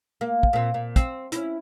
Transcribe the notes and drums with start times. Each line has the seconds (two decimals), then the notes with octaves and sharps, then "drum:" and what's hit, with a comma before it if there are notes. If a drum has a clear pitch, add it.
0.21 A#3
0.43 drum: kick
0.53 A#2 C4
0.74 A#2
0.96 C4, drum: kick, hi-hat
1.32 C#4 E4, drum: hi-hat